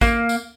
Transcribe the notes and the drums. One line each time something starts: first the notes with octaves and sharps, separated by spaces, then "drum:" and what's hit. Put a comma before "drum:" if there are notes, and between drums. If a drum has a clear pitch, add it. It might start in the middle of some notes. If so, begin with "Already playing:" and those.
A#3, drum: kick, tambourine
drum: tambourine